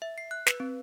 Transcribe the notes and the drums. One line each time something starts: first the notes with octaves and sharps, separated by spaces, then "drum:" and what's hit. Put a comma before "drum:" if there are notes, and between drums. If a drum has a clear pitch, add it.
E5
C7
F#6
B4, drum: snare
C4